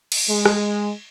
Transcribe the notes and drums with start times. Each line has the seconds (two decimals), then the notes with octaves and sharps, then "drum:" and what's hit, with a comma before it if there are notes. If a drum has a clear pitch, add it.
0.12 drum: cymbal
0.29 G#3
0.46 drum: rim click